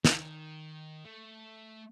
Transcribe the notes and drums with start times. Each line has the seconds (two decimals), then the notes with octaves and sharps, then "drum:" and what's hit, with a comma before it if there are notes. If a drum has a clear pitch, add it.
0.05 D#3, drum: snare
1.05 A3